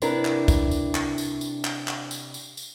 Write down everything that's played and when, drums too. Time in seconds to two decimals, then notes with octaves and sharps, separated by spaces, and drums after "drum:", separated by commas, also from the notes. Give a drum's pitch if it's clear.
0.02 C3 D4 E4 A#4 B4, drum: tambourine
0.25 drum: clap
0.48 drum: kick, tambourine
0.71 drum: tambourine
0.95 drum: clap
1.18 drum: tambourine
1.41 drum: tambourine
1.64 drum: clap
1.88 drum: clap
2.11 drum: tambourine
2.34 drum: tambourine
2.57 drum: tambourine